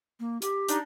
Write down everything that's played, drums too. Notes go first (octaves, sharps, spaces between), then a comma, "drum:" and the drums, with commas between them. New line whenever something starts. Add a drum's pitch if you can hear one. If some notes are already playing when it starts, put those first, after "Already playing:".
A#3
G4, drum: hi-hat
D4 D#4, drum: hi-hat